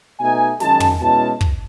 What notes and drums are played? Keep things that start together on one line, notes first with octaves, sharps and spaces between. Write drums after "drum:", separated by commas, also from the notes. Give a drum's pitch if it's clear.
B2 A3 D#4 G#5
F#2 D#3 G#3 C#4 A5, drum: snare
drum: tom
B2 G#3 C#4 E4 A5
drum: kick